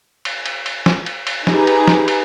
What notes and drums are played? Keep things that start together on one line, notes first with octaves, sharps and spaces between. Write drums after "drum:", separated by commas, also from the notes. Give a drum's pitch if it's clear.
drum: cymbal
drum: cymbal
drum: cymbal
drum: snare
drum: cymbal
drum: cymbal
D#4 G4 G#4 B4 A#5, drum: snare
drum: cymbal
drum: snare
drum: cymbal